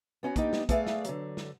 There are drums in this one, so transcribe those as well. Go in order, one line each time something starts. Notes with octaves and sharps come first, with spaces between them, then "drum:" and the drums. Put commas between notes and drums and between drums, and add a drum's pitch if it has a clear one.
B3 C#4 D#4 F#4
A#3 B3 D4 D#4 F4 G4, drum: kick, hi-hat
drum: snare
A3 G#4 B4 D5 E5 F5, drum: kick, hi-hat
drum: snare
D3 F#3, drum: hi-hat
drum: snare